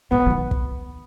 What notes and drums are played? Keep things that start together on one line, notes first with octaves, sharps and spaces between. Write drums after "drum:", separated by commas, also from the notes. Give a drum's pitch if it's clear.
A2 B3
B2
C#3
D#3
drum: kick